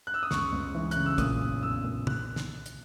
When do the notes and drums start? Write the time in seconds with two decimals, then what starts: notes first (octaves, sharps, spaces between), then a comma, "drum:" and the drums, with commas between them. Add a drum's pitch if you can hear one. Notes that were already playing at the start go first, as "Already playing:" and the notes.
0.07 F#6
0.14 E6
0.23 D#6
0.31 C#2 C#6, drum: snare
0.52 C#2
0.75 E3
0.91 F#6, drum: hi-hat
0.97 C#3
1.06 E6
1.18 A#2 D#6, drum: kick, hi-hat
1.41 B1
1.63 B1 E6
1.84 A#2
2.07 F#6, drum: tom
2.36 drum: snare
2.66 drum: hi-hat